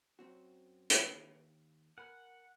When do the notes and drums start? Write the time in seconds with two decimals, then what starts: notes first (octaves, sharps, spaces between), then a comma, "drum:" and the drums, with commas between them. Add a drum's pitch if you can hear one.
0.19 F#2 C4 F#4
0.90 drum: hi-hat
1.04 D#2
1.98 A#4 F#5 G#5 B5